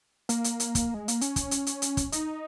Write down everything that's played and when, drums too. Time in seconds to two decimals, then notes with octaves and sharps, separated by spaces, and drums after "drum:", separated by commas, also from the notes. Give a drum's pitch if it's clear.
0.29 A#3, drum: hi-hat
0.44 drum: hi-hat
0.60 drum: hi-hat
0.75 drum: kick, hi-hat
0.94 G#3
1.08 A#3, drum: hi-hat
1.21 C#4, drum: hi-hat
1.36 drum: kick, hi-hat
1.51 drum: hi-hat
1.67 drum: hi-hat
1.82 drum: hi-hat
1.97 drum: kick, hi-hat
2.12 D#4, drum: hi-hat